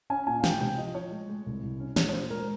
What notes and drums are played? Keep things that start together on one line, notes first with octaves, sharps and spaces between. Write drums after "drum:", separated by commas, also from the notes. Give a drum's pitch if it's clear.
C#4 G#5
A#2 G#5
F5
G#3 G5, drum: snare
C3 G5
F3 D#5
F3 C#5
G#3
G#3
C2
C2
C#4
A#2 C#5, drum: snare
C#5
A#2 C5
G#3 A#4